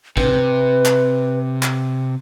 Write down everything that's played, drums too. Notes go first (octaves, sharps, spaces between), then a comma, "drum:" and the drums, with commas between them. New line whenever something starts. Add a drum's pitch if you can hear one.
C3 B4, drum: kick
drum: clap
drum: clap